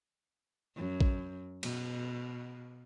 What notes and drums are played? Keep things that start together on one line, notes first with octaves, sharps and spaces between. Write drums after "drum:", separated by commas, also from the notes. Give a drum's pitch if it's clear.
F#2
drum: kick
B2, drum: cymbal